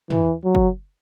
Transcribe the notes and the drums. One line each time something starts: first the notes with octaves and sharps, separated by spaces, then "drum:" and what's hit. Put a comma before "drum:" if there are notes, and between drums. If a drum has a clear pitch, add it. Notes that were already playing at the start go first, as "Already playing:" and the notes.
E3, drum: tom
F#3
drum: kick